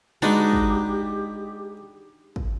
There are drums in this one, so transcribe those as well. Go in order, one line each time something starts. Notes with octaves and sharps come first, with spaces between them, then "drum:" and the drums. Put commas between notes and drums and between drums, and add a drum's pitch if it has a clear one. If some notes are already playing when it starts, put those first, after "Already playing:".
G#3 D4 D#4 F#4 G4 B4
drum: kick
drum: kick